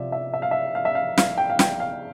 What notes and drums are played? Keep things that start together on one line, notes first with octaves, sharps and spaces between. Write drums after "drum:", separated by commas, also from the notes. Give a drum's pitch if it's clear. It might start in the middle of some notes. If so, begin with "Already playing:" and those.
Already playing: C3 F3 D5 E5
E5
E5
F5
E5
F5
E5
F5
F5, drum: snare
G5
F5
G5, drum: snare
F5